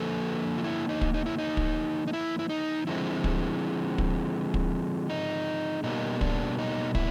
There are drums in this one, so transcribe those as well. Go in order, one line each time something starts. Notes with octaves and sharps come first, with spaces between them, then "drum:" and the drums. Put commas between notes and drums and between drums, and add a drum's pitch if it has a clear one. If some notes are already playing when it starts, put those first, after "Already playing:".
Already playing: D3 F3 A#3 A4
F4
E4
D#4
drum: kick
D#4
E4
D#4
drum: kick
D#4
E4
E4
D#4
D3 F3 G#3 C4 E4
drum: kick
drum: kick
drum: kick
D#4
B2 G3 A#3 D#4
D4, drum: kick
D#4
E4, drum: kick